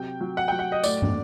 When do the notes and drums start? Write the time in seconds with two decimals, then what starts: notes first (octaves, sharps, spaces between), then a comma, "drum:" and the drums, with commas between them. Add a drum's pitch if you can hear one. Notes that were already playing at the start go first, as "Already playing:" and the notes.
Already playing: C3 F#3 G5
0.21 F#3
0.37 F#5
0.48 F#3 G5
0.59 F#5
0.72 D#5
0.84 A2 D5, drum: tambourine
1.02 drum: tom